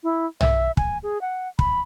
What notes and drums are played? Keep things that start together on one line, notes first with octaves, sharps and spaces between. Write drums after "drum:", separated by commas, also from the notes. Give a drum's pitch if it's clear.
E4
E5, drum: tom B1
G#5, drum: kick
G#4
F#5
B5, drum: kick